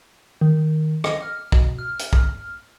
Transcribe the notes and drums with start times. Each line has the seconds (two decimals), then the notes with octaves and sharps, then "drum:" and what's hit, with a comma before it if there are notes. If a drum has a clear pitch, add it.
0.41 D#3
1.04 D#5, drum: rim click
1.22 F6
1.52 B2, drum: kick
1.79 F6
1.99 drum: hi-hat
2.13 drum: kick